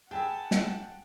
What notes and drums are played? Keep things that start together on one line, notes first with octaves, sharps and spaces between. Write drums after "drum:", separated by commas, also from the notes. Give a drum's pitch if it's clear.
G#4 B4 E5 F#5 G5 A5
drum: snare